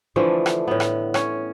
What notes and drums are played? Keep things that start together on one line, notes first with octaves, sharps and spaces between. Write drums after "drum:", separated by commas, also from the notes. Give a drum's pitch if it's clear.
D3 E3 F3 A3
drum: rim click
A2 B3
drum: rim click
C#4, drum: rim click